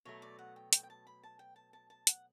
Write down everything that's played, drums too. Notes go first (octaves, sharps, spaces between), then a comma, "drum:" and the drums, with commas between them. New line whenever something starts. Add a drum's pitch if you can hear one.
B2 F#3 A3 C#5
D5
F#5
G5
G5, drum: hi-hat
G5
A5
B5
A5
G5
A5
A5
A5
F#5, drum: hi-hat